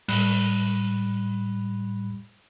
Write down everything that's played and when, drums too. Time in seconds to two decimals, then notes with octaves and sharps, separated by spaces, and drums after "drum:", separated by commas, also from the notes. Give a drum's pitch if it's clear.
0.08 A2 G3 B5 F#6, drum: open hi-hat